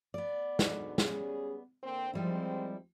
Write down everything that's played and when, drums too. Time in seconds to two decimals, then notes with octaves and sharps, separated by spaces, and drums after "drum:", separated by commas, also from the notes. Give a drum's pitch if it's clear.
0.14 B3 D5
0.59 D2 G#2, drum: snare
0.98 G3 C#4 G#4, drum: snare
1.83 D3 A#3 C4
2.14 D#2 F3 G3 G#3 C4 E4